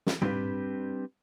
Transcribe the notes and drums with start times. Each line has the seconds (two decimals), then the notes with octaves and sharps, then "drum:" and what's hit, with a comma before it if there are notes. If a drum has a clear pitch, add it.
0.06 drum: snare
0.22 G3 C4 D4 G4 B4, drum: tom G#2